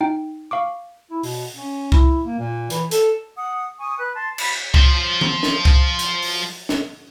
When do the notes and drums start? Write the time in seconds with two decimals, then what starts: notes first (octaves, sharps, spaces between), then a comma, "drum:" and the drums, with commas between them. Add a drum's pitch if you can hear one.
0.01 D#4 G5
0.51 F5 C#6 D6
1.11 E4
1.23 B2, drum: open hi-hat
1.56 C#4
1.92 E4, drum: kick C2
2.25 A#3
2.39 A#2
2.70 E3, drum: hi-hat
2.91 A4, drum: hi-hat
3.36 F#5 D#6
3.79 G#5 C#6 D#6
3.98 B4 F#6
4.13 A5 C6
4.38 B5, drum: cymbal
4.74 F3 C5, drum: kick C2
5.21 drum: tom D#3
5.43 drum: snare
5.65 drum: kick C2
5.99 drum: hi-hat
6.22 drum: open hi-hat
6.69 drum: snare